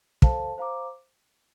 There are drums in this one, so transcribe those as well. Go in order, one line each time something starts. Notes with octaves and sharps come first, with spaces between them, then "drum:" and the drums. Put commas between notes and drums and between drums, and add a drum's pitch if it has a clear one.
A4 C5 F5 A5, drum: kick
C5 F5 A#5 D6